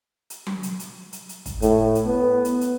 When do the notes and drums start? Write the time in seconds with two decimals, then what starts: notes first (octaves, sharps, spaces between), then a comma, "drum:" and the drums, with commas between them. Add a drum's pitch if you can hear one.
0.30 drum: hi-hat
0.47 drum: tom F#3
0.63 drum: hi-hat
0.80 drum: hi-hat
1.13 drum: hi-hat
1.29 drum: hi-hat
1.46 drum: kick, hi-hat
1.62 A2, drum: hi-hat
1.95 drum: hi-hat
2.07 B3
2.45 drum: hi-hat
2.61 drum: hi-hat